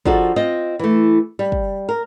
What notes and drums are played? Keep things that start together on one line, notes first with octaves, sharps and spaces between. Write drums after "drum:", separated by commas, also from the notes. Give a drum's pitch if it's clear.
F3 D4 D#4 F#4 G#4 A4, drum: kick
C4 F4 D#5
E3 A3
G3
drum: kick
A#4